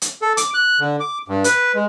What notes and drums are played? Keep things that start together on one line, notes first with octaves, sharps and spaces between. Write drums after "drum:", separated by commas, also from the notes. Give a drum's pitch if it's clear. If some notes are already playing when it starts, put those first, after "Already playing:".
drum: hi-hat
A4
D6, drum: hi-hat
F#6
D3
D6
G2
B4, drum: hi-hat
G#3